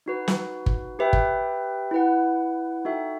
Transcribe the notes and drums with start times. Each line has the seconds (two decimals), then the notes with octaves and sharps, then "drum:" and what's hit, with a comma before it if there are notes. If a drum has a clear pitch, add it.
0.06 D#4 F#4 B4
0.28 drum: snare
0.66 drum: kick G1
0.99 G4 B4 E5 G5
1.13 drum: kick G1
1.91 E4 B4 F#5
2.85 D#4 F#4 A4 E5 G5